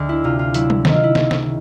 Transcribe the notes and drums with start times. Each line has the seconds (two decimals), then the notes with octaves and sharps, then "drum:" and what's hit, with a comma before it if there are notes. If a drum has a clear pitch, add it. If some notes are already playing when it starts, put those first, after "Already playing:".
Already playing: D2 G#3
0.09 E4
0.24 C3 F4
0.39 F4
0.54 F#3 E4, drum: hi-hat
0.70 drum: tom G3
0.85 D#3 E4, drum: snare
0.94 F4
1.04 E4
1.15 C#2 E4, drum: snare
1.31 drum: snare